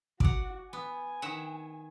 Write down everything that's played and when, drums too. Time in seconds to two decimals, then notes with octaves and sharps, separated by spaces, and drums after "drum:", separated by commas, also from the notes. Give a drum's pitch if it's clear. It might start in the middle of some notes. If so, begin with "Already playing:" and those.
0.20 F#4 D5 F#5, drum: kick
0.73 B3 G#5
1.22 D#3 E5 F#5